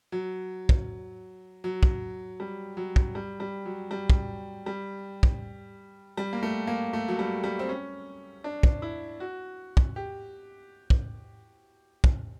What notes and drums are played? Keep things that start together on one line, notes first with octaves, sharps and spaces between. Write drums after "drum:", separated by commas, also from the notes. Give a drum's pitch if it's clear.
F#3
drum: kick
F#3
drum: kick
G3
F#3
drum: kick
G3
G3
F#3
G3
drum: kick
G3
drum: kick
G3
A#3
A3
A#3
A3
F#3
G3
G3
C4
C#4
D4
drum: kick
E4
F#4
drum: kick
G4
drum: kick
drum: kick